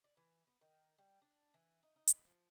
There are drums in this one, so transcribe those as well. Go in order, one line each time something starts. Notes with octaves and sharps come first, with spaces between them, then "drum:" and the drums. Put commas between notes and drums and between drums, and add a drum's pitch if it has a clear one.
D5
E3
B3
D#3
G3
D4
E3
D#4
D#4
drum: hi-hat
F3